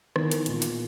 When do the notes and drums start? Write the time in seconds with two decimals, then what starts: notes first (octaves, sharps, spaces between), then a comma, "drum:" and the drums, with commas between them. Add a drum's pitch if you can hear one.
0.16 D#3 E3 B3 D#4 A#4, drum: rim click
0.31 drum: hi-hat
0.46 A#2 G#3 B3, drum: hi-hat
0.62 drum: hi-hat